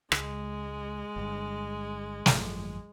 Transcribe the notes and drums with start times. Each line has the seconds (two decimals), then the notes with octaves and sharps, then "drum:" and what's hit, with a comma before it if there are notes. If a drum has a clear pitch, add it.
0.12 C#2 G#3, drum: rim click
1.16 G1 G2
2.26 G#1 F#2 F3, drum: snare